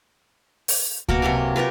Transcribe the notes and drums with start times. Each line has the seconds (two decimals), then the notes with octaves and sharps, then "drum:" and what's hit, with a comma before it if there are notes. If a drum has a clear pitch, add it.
0.68 drum: open hi-hat
1.09 B2 A#3 F#4 A#4, drum: kick C#2
1.22 C3 F#3 G4 G#5
1.56 F4 G4 A#4 B4